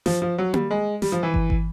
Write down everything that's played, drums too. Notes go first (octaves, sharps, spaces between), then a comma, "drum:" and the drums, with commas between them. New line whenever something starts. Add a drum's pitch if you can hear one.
F3, drum: snare
F3
F#3
G3, drum: tom A#3
G#3
G3, drum: snare
F3
E3
drum: kick
drum: kick